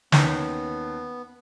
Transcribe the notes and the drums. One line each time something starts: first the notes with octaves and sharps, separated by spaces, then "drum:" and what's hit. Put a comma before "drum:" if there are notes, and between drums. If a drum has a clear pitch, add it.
D#2 B3 C#4 A5, drum: snare